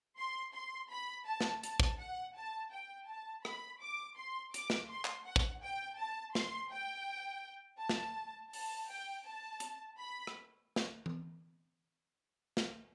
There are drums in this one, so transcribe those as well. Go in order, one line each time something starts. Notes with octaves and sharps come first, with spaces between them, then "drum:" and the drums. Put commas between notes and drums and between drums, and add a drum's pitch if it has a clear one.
C6
C6
B5
A5
drum: snare
A5, drum: hi-hat
drum: kick
F#5
A5
G5
A5
B5, drum: rim click
D6
C6
D6, drum: hi-hat
drum: snare
C6
drum: clap
F#5
drum: kick
G5
A5
C6, drum: snare
G5
A5
drum: snare
A5, drum: open hi-hat
G5
A5
drum: hi-hat
B5
drum: rim click
drum: snare
drum: tom E3
drum: snare